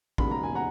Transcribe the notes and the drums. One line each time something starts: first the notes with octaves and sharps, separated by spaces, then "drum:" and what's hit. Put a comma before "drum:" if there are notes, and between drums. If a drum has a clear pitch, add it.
E1 D#2 C#3 B5, drum: kick A1
A#5
G#5
F#5 A#5